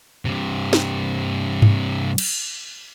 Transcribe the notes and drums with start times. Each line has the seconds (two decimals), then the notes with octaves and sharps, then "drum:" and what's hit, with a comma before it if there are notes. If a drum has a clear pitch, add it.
0.25 G2 C3
0.73 drum: snare
1.62 drum: tom G2
2.18 drum: cymbal